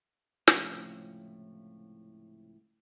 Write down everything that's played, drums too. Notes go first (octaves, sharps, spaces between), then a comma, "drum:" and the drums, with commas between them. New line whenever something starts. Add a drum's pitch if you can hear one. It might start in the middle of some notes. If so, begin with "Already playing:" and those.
C#2 A2 C3 F3 C#4, drum: snare